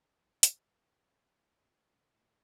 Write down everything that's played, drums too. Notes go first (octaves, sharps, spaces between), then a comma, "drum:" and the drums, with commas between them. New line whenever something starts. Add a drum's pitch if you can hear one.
E3
F#3, drum: hi-hat
E3
C3
A2
A2